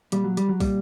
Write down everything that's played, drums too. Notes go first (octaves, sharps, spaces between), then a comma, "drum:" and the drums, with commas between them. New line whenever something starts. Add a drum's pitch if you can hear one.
A#2 G3, drum: hi-hat
F#3
G3, drum: hi-hat
F#3
A#2 G3, drum: kick, open hi-hat